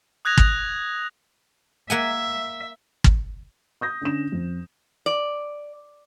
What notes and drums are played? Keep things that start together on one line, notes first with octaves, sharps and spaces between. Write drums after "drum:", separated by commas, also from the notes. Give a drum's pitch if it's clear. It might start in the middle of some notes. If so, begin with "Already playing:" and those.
D#6 F#6 G#6 A#6 F7
drum: kick
A#3 E5 F#5 G#5
drum: kick
D#6 G6 A#6
D3 C#4 E7
F2
D5